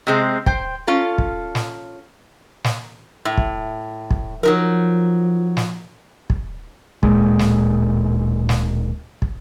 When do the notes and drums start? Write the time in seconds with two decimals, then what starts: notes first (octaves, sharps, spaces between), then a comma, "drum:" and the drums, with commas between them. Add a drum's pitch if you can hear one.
0.07 C3 G#3 C4
0.46 C5 G5, drum: kick
0.87 C#4 F4 A4
1.18 drum: kick
1.55 drum: snare
2.64 drum: snare
3.25 A2
3.37 drum: kick
4.11 drum: kick
4.43 F3 F#3 D#4 A#4
5.57 drum: snare
6.30 drum: kick
7.03 D1 A#2 G#3, drum: kick
7.39 drum: snare
8.49 drum: snare
9.22 drum: kick